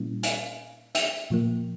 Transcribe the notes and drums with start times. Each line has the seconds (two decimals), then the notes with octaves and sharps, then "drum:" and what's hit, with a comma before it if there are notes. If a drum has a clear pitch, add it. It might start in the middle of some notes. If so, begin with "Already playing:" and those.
Already playing: A#2 G3 A#3 C#4 E4
0.23 F5 G#5, drum: hi-hat
0.95 E5 G5, drum: hi-hat
1.30 A#2 F3 A#3